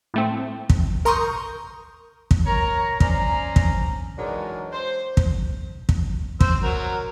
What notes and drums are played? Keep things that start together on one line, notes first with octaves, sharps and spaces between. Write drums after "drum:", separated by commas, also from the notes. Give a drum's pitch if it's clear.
A2 A3 C4
drum: kick
A#4 A#5 C6 C#6 D#6 G6
drum: kick
A#4 C#5 A#5
C#4 C5 D5 G#5 A#5, drum: kick
drum: kick
E3 F#3 G#3 D4 D#4 A#4
C5
drum: kick
drum: kick
C5 E6, drum: kick
F#3 A#4